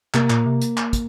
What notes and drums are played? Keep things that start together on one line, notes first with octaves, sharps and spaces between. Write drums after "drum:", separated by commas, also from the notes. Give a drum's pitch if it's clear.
C3 A#3, drum: clap
A#2, drum: clap
C3
drum: hi-hat
drum: clap
drum: kick, hi-hat